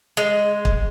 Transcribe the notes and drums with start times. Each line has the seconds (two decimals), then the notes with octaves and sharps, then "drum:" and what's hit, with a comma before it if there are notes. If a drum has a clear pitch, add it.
0.17 G#3
0.65 drum: kick